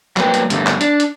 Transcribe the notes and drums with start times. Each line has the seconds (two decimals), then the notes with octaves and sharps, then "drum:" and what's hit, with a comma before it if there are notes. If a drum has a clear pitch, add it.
0.17 F#3 G3 A#3 B4 G5, drum: clap
0.34 drum: hi-hat
0.50 G2 D3 G3 A3, drum: hi-hat
0.67 drum: clap
0.81 D4, drum: hi-hat
1.00 drum: hi-hat